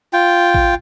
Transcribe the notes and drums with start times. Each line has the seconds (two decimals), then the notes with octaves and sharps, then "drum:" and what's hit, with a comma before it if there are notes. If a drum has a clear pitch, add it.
0.13 F4 G5
0.54 drum: kick A1